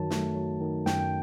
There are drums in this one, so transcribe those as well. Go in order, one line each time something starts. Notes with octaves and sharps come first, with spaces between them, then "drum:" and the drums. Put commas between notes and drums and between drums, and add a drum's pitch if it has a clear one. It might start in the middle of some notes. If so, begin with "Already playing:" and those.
Already playing: F#2 D#3 F#3 A5
A3, drum: snare
F#3
D#3
F#2 G5, drum: snare
G5